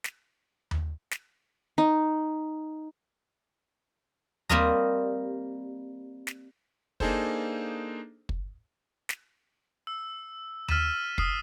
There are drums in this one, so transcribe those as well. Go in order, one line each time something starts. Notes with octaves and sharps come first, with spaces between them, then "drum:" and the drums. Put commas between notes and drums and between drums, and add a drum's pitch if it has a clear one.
drum: snare
drum: tom D#2
drum: snare
D#4
G3 A#3 C4 A#4 D#5 A#5, drum: tom D#2
drum: snare
A#3 D4 D#4 G#4 A4 C5, drum: kick
drum: kick
drum: snare
E6
E6 F6 A6 B6 D#7 E7, drum: tom D#2
D#6 F6 C7, drum: kick